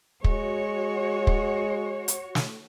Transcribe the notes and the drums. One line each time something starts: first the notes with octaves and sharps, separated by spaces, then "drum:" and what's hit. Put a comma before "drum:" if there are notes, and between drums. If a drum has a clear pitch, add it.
G#3 F#4 C#5, drum: kick
drum: kick
drum: hi-hat
drum: snare